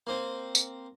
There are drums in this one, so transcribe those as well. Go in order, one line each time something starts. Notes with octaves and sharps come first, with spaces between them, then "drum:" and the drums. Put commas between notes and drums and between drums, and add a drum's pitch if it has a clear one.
A#3 C4
drum: tambourine